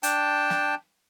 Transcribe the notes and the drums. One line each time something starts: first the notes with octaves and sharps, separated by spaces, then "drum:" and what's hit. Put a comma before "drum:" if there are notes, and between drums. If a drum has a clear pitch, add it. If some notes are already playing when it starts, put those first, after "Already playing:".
D4 G5 A5, drum: hi-hat
drum: snare